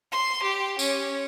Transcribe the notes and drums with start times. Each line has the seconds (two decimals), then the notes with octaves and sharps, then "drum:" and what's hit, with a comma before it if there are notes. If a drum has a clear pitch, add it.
0.12 C6
0.43 G4
0.79 C#4, drum: tambourine